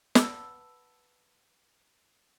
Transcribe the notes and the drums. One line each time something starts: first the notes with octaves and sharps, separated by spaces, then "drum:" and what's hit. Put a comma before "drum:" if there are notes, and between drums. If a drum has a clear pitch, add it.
B4 F#5 A5 B5 E6, drum: snare